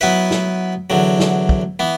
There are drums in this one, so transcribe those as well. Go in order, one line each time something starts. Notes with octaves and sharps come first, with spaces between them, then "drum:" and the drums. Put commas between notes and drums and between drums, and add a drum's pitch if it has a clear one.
F#3 B3 E4 B4
drum: snare
E2 D3 F#3
drum: snare
drum: kick
E3 B3